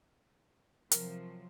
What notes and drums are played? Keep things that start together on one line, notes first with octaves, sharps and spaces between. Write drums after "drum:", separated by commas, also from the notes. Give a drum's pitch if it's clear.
C3 F3 F#3 A#4, drum: hi-hat